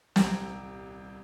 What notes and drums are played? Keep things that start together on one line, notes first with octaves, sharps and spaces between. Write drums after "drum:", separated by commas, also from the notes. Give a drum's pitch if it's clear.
D#1 C2 G5 A#5 G#6, drum: snare